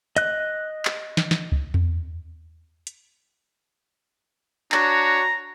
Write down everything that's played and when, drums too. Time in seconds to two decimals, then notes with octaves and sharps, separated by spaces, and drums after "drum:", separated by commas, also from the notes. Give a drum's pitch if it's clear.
0.16 D#5 F#6, drum: hi-hat
0.85 drum: clap
1.17 drum: snare
1.31 drum: snare
1.52 drum: kick
1.74 drum: tom E2
2.87 drum: hi-hat
4.72 D4 F#4 C#5 A#5, drum: clap